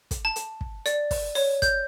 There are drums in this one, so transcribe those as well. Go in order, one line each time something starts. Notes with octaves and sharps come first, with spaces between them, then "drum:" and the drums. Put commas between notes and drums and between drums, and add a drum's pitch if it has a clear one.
drum: kick, hi-hat
A5
drum: hi-hat
drum: kick
D5, drum: hi-hat
drum: kick, open hi-hat
C#5, drum: open hi-hat
G6, drum: kick, hi-hat